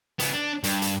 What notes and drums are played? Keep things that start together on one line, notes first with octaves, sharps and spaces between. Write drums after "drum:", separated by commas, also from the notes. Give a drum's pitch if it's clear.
C#3 B3, drum: hi-hat
D4
G2, drum: hi-hat
drum: hi-hat